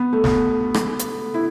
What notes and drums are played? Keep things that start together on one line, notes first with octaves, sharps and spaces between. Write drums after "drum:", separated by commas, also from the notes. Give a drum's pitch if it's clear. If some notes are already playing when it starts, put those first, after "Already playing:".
Already playing: B3
A3
B3, drum: snare
drum: rim click
drum: hi-hat
E4